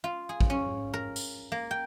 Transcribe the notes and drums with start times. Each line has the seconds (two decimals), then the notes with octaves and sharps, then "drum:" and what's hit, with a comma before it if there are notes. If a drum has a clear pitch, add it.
0.04 F4
0.29 G#4
0.41 drum: kick
0.50 C#4
0.94 A#4
1.16 drum: tambourine
1.52 A#3
1.71 G5